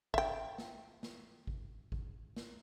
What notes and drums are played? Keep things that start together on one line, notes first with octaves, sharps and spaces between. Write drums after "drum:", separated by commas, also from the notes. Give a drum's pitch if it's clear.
E5 G5, drum: kick G#1
drum: snare
drum: snare
drum: kick G#1
drum: kick G#1
drum: snare